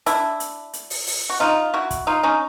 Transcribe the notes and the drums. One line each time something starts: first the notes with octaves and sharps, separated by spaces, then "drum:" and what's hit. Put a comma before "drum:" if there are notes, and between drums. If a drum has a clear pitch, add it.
D4 E4, drum: hi-hat
drum: hi-hat
drum: hi-hat
drum: open hi-hat
drum: open hi-hat
F#4
D#4 F4
E4 F#4
drum: kick, hi-hat
D#4 F4
C#4 D#4